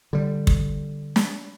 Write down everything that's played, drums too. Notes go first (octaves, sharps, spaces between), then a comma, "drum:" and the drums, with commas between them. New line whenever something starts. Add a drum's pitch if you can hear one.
D3 G3
drum: kick
drum: snare